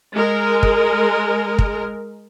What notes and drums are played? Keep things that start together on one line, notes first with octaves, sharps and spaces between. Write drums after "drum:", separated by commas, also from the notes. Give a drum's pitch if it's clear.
G#3 A#4
drum: kick
drum: kick